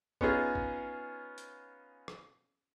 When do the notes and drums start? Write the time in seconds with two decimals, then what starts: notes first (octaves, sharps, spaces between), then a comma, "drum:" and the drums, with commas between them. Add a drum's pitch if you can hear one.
0.21 B3 C#4 D#4 F4 G#4, drum: kick A1
0.55 drum: kick A1
1.38 drum: hi-hat
2.08 drum: rim click